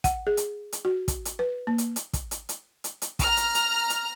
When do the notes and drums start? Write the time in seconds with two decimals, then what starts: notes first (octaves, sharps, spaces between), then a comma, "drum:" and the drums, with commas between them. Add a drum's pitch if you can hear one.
0.04 F#5, drum: kick, hi-hat
0.27 G#4
0.37 drum: hi-hat
0.72 drum: hi-hat
0.85 F#4
1.08 drum: kick, hi-hat
1.25 drum: hi-hat
1.39 B4
1.67 A#3
1.78 drum: hi-hat
1.96 drum: hi-hat
2.13 drum: kick, hi-hat
2.31 drum: hi-hat
2.49 drum: hi-hat
2.84 drum: hi-hat
3.02 drum: hi-hat
3.19 A#5 F6, drum: kick, hi-hat
3.37 drum: hi-hat
3.54 drum: hi-hat
3.90 drum: hi-hat